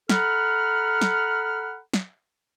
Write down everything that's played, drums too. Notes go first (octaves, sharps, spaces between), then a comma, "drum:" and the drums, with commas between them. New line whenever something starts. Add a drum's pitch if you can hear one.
A4 F#5 A#5 B5 F6, drum: snare
drum: snare
drum: snare